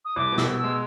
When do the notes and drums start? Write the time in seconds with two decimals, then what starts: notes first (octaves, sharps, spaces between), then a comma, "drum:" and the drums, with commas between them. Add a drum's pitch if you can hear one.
0.05 D#6
0.16 C2 D6
0.32 B2
0.38 E6, drum: snare
0.48 B2
0.58 E6
0.64 G#3